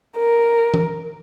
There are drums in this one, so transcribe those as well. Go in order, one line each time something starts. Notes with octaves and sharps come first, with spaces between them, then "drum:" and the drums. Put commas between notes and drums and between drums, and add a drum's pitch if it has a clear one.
A#4
drum: tom E3